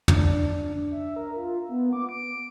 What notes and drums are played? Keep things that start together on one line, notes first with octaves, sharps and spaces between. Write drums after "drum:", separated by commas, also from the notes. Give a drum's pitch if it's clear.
D4, drum: tom
E5
A#4
F4
B3
D6
D7